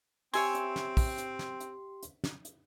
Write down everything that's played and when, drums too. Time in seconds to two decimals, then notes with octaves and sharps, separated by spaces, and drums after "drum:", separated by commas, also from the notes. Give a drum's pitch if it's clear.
0.34 C4 G4 C#5 E5 G#5 C6, drum: open hi-hat
0.55 drum: hi-hat
0.76 drum: snare
0.97 drum: kick, open hi-hat
1.18 drum: hi-hat
1.39 drum: snare
1.60 drum: hi-hat
2.03 drum: hi-hat
2.24 drum: snare
2.45 drum: hi-hat